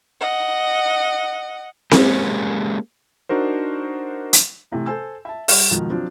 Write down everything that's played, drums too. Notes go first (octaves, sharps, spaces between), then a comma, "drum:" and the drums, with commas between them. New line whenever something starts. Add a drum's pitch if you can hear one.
D#5 F#5
G#3 A#3 C#4 G4 G#4, drum: snare C4
D4 D#4 F#4 A#4 C5
drum: hi-hat
A2 C3 E3 A3
A4 C5 G#5 E6
E5 A5
G3 F#5 F6, drum: open hi-hat
F2 G#2 B2 D#3 F3
F3 F#3 C4 D4